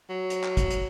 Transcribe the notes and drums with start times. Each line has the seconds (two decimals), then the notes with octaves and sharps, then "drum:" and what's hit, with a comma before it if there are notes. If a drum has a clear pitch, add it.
0.10 F#3
0.30 drum: hi-hat
0.44 drum: clap
0.57 drum: kick, hi-hat
0.71 drum: hi-hat